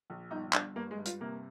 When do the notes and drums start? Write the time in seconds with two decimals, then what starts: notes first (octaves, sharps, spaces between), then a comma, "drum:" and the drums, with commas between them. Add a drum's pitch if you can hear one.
0.10 A#1
0.31 G1 D#4
0.53 G1 D4, drum: clap
0.76 G2 A#3
0.91 G#3
0.98 G2
1.05 F4, drum: hi-hat
1.21 C3 A#3